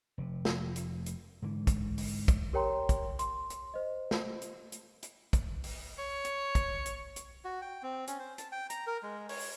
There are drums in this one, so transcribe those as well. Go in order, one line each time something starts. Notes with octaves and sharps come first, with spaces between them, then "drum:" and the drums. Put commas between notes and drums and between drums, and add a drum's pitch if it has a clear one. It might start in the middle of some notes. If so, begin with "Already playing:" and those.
F1 C3
drum: snare
drum: hi-hat
drum: hi-hat
G#2 D3 E3
drum: kick, hi-hat
drum: open hi-hat
drum: kick, hi-hat
G4 A#4 C#5 G5 A#5 C6
drum: kick, hi-hat
C6, drum: hi-hat
drum: hi-hat
C5 D#5
drum: snare
drum: hi-hat
drum: hi-hat
drum: hi-hat
drum: kick, hi-hat
drum: open hi-hat
C#5
drum: hi-hat
drum: kick, hi-hat
drum: hi-hat
drum: hi-hat
F#4
G5
C4
C#4, drum: hi-hat
C5
A5, drum: hi-hat
G5
A#5, drum: hi-hat
A#4
G#3
C#5, drum: open hi-hat